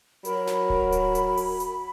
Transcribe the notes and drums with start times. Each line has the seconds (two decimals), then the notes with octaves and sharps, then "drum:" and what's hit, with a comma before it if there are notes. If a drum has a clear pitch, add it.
0.25 F#3 F#4 A#4 B5, drum: hi-hat
0.47 drum: snare
0.70 drum: kick D1
0.92 drum: hi-hat
1.15 drum: hi-hat
1.37 drum: open hi-hat
1.60 drum: hi-hat